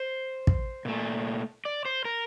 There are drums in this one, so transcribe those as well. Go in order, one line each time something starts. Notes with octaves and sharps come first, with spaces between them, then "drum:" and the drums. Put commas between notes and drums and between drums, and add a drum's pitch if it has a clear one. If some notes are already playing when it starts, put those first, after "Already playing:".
Already playing: C5
drum: kick
A#2 A3
D5
C5
A#4